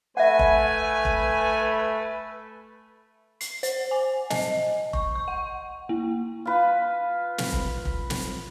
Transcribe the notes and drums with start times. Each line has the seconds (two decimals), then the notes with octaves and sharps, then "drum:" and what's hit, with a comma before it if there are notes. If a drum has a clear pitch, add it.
0.17 A3 B4 E5 F#5 G#5
0.39 drum: kick F1
1.05 drum: kick F1
3.41 C7, drum: hi-hat
3.63 C5, drum: hi-hat
3.91 G#5
4.30 D#5, drum: snare
4.93 C#6, drum: kick F1
5.15 C#6
5.28 F#5
5.89 A#3
6.45 F4 B4
7.38 drum: snare
7.52 drum: kick F1
7.85 drum: kick F1
8.10 drum: snare